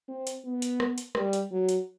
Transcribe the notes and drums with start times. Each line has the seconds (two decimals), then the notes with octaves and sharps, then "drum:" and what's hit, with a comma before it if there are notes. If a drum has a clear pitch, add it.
0.09 C4
0.27 drum: hi-hat
0.45 B3
0.62 drum: hi-hat
0.80 drum: rim click
0.98 drum: hi-hat
1.15 G3, drum: rim click
1.33 drum: hi-hat
1.51 F#3
1.69 drum: hi-hat